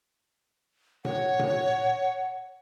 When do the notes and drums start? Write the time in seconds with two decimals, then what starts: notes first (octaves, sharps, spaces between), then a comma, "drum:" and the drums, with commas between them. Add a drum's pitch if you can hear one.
1.05 C#5 F#5, drum: tom A#2
1.39 drum: tom A#2